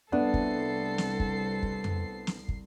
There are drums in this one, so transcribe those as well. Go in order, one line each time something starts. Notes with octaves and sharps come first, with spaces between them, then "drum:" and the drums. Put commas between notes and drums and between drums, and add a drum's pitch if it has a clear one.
C2 A3 B3 D4 A4 C7
drum: kick
drum: snare
drum: kick
drum: kick
drum: tom F2
drum: snare
drum: kick